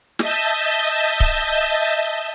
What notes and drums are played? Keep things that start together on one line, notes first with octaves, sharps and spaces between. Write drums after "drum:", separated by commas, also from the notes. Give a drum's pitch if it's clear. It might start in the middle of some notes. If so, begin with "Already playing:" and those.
D#5 E5 A5 G6, drum: snare
drum: kick C#1